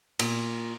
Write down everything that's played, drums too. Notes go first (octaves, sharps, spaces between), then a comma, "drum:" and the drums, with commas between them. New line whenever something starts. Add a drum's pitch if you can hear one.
A#2, drum: cymbal